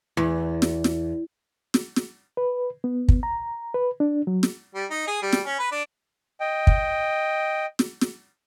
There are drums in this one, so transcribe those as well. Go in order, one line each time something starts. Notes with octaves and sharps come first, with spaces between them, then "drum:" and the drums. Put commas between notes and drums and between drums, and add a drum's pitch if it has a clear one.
E2
drum: snare
drum: snare
drum: snare
drum: snare
B4
B3
drum: kick
A#5
B4
D4
F#3
drum: snare
G3
D#4
G#4
G3
drum: snare
C#4
B4
D4
D#5 G5
drum: kick
drum: snare
drum: snare